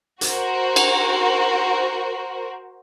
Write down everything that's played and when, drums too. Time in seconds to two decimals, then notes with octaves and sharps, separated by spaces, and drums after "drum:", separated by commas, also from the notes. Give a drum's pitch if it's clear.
0.21 F#4 A#4 C5, drum: hi-hat
0.76 drum: cymbal